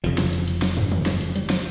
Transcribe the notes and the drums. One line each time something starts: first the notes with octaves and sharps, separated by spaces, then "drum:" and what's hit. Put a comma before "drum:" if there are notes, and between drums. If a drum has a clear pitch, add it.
F1 F2 C#3 F3, drum: tom C3
drum: snare
drum: hi-hat
drum: hi-hat
drum: snare
drum: tom
drum: tom
drum: snare
drum: hi-hat
G3, drum: hi-hat
F3, drum: snare